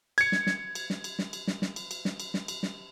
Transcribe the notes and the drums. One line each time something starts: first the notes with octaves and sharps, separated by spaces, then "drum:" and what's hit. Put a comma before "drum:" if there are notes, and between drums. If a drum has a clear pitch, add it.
G#6 C#7, drum: cymbal
drum: snare
drum: snare
drum: cymbal
drum: snare
drum: cymbal
drum: snare
drum: cymbal
drum: snare
drum: snare
drum: cymbal
drum: cymbal
drum: snare
drum: cymbal
drum: snare
drum: cymbal
drum: snare